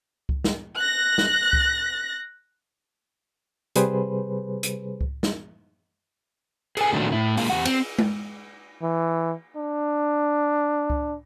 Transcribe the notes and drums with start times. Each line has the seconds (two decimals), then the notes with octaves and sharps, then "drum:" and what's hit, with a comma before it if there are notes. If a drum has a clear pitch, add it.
0.29 drum: kick C#2
0.44 drum: snare
0.79 F#6 A#6
1.18 drum: snare
1.53 drum: kick C#2
3.76 C3 G3 G#4 B4 C5, drum: hi-hat
4.63 drum: hi-hat
5.01 drum: kick C#2
5.23 drum: snare
6.77 G#4 A4 G#5, drum: cymbal
6.93 A#2 D#3 F#3 A3 D4
7.12 A2 E4
7.37 G#3 A#3 F4, drum: open hi-hat
7.50 E2 G4 F#5
7.65 C4, drum: cymbal
7.98 drum: tom G#3
8.82 E3
9.57 D4
10.90 drum: kick C#2